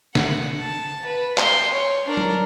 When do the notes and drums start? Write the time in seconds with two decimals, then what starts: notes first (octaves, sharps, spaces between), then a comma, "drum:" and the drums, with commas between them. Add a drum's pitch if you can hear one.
0.15 F#5, drum: snare
0.60 A5
1.06 B4
1.38 G5 C6, drum: clap
1.71 C#5
2.06 D4 A#4
2.17 drum: tom F#3